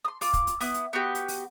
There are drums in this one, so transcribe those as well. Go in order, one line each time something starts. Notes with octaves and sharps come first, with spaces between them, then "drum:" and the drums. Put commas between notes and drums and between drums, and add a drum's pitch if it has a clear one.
C6 D#6
F4 D6, drum: open hi-hat
drum: kick, hi-hat
drum: hi-hat
B3 E4, drum: open hi-hat
drum: hi-hat
B3 F#4 G4
drum: hi-hat
drum: open hi-hat